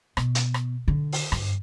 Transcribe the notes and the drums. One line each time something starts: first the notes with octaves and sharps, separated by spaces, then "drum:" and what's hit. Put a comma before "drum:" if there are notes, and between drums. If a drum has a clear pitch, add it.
B2, drum: rim click
drum: hi-hat
drum: rim click
D3
drum: open hi-hat
G2, drum: rim click